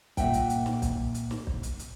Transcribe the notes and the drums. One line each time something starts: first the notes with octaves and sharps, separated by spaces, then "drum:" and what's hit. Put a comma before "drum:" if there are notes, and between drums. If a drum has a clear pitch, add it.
A#2 E5 F#5 G5, drum: kick, hi-hat
drum: hi-hat
drum: hi-hat
drum: snare
drum: kick, hi-hat
drum: hi-hat
drum: snare
drum: kick
drum: hi-hat
drum: hi-hat